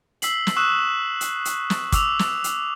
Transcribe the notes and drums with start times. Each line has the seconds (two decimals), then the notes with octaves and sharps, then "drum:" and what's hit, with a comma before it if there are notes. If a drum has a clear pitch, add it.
0.22 E6 B6 C7 F#7, drum: hi-hat
0.47 drum: snare
0.56 C#6 D#6 E6 F#6 E7
1.21 drum: hi-hat
1.45 drum: hi-hat
1.70 drum: snare
1.92 D6 E6 F7, drum: kick, hi-hat
2.19 drum: snare
2.44 drum: hi-hat